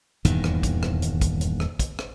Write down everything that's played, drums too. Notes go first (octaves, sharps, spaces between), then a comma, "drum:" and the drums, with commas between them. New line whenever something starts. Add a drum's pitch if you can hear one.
D#1 E2 G2 D#3, drum: hi-hat
drum: rim click
drum: kick, hi-hat
drum: rim click
drum: hi-hat
drum: kick, hi-hat
drum: hi-hat
drum: rim click
drum: kick, hi-hat
drum: rim click